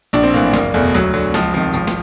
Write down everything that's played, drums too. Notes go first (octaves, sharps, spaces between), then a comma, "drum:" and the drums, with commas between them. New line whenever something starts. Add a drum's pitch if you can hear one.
A#1 D4, drum: tambourine
C4
A2 E3 A#3
F#1 A#3, drum: snare
E2 B2 A3
D2 F#3, drum: tambourine
D3 F#3
C#2 F3, drum: snare
C3 D#3 F3
G#1 F3, drum: tambourine
drum: snare